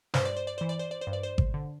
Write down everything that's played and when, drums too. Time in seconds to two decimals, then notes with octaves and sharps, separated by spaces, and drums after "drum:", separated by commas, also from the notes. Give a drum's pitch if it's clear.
0.14 G2 C5, drum: snare
0.25 D5
0.37 C5
0.47 D5
0.58 E3 C5
0.69 D5
0.79 C5
0.91 D5
1.01 C5
1.07 G2
1.13 D5
1.23 C5
1.38 drum: kick G#1
1.54 D3